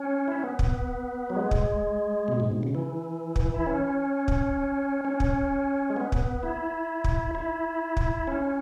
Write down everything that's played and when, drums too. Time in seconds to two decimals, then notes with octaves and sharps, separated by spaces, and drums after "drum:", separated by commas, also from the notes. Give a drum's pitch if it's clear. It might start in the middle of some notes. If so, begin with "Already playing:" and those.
Already playing: C#4
0.28 E4
0.36 C#4
0.43 B3
0.59 drum: kick
1.30 F#3
1.36 G#3
1.51 drum: kick
2.28 B2
2.40 G#2
2.51 B2
2.63 C#3
2.75 E3
3.36 drum: kick
3.54 E4
3.66 C#4
4.28 drum: kick
5.05 C#4
5.20 drum: kick
5.90 G#3
5.96 B3
6.12 drum: kick
6.43 E4
7.04 drum: kick
7.35 E4
7.97 drum: kick
8.27 C#4